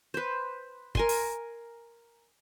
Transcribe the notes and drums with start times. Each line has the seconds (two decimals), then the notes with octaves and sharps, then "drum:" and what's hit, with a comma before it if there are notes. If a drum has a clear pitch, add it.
0.14 B4 C5
0.95 A#4 G#5 C6, drum: kick
1.09 drum: open hi-hat